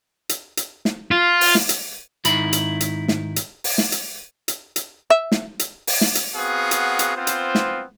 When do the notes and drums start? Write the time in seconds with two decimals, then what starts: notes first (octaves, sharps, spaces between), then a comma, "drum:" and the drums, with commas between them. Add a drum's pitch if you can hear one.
0.29 drum: hi-hat
0.57 drum: hi-hat
0.85 drum: snare
1.11 F4
1.41 drum: open hi-hat
1.55 drum: snare
1.69 drum: hi-hat
2.25 G#2 D#3 E4 B5, drum: hi-hat
2.53 drum: hi-hat
2.80 drum: hi-hat
3.08 drum: snare
3.36 drum: hi-hat
3.64 drum: open hi-hat
3.78 drum: snare
3.92 drum: hi-hat
4.48 drum: hi-hat
4.76 drum: hi-hat
5.10 E5
5.32 drum: snare
5.59 drum: hi-hat
5.87 drum: open hi-hat
6.01 drum: snare
6.15 drum: hi-hat
6.35 B3 C4 F#4 G#4 F5
6.71 drum: hi-hat
6.99 drum: hi-hat
7.16 B3 C4 F4 C5
7.27 drum: hi-hat
7.55 drum: snare